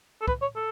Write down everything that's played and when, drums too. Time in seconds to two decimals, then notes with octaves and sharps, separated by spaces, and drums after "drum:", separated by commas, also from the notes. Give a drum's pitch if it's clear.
0.22 A4
0.28 B4, drum: kick
0.42 C#5
0.56 A4